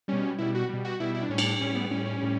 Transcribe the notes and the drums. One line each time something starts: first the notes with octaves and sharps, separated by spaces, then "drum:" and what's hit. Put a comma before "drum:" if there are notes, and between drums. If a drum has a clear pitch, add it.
B2 G3 C#4
B2 G3 E4
F#4
B2 G3
F#4
B2 G3 E4
E4
D4
A2 G3 C#4
D4, drum: cymbal
A2 G3 C#4
B3
A2 G3 C#4
C#4
A2 G3